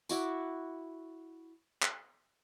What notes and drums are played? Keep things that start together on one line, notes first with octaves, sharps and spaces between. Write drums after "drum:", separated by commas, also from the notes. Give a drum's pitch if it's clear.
E4 F#4 D6, drum: tambourine
drum: clap